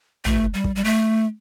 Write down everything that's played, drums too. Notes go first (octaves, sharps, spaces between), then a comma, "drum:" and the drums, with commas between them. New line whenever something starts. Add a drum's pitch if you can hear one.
A3, drum: tom
G3
drum: kick
G3
A3